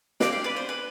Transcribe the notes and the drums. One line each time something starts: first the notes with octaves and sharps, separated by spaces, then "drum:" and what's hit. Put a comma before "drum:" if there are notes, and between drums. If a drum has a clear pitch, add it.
D4 G4 D5 F5, drum: snare
D5 F5
B4 D5
C5
B4